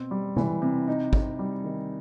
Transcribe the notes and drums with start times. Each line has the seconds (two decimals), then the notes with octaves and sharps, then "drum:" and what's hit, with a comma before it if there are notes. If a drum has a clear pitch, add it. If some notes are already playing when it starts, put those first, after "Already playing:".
Already playing: B2 C4
0.11 G3
0.37 E3, drum: tom
0.62 C3
0.88 D#4
1.13 C4, drum: kick
1.39 G3
1.64 D#3